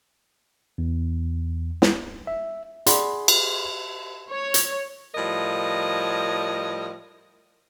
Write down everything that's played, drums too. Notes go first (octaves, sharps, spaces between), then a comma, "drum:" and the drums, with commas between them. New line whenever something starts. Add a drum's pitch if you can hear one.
E2
drum: snare
E5
G#4 D5 F#5 B5 C6, drum: hi-hat
drum: cymbal
C#5
drum: hi-hat
A2 F3 G3 A#4 D#5